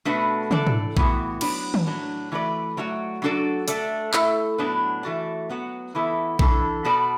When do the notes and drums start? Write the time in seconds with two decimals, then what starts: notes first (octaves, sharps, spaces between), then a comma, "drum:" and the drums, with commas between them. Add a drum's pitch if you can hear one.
0.05 B2 A3 D4 F#4 B4
0.51 E3 D4 A4 D5, drum: tom
0.67 drum: tom G#2
0.97 A2 E3 B3 F#4, drum: kick A#1
1.41 F#3 B3 D4 B4 D5, drum: cymbal
1.74 drum: tom D#3
1.87 A2 F#3 D4
2.32 E3 A3 F#4 B4 D5
2.77 F#3 A3 F#4 D5
3.22 F#3 D4 F#4 A4 D5
3.68 A3 D4 A4 D5, drum: hi-hat
4.13 A3 E4 A4, drum: clap
4.58 A2 F#3 B3 D4 B4
5.03 E3 A3 F#4 D5
5.49 F#3 B3 F#4
5.95 E3 B3 E4 A4
6.39 E3 D4 A4, drum: kick A#1
6.85 B2 B3 F#4 A4 D5